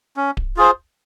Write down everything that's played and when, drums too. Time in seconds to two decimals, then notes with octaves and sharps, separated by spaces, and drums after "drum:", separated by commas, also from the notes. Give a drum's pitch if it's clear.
0.17 C#4
0.37 drum: kick D1
0.57 F4 G#4 C5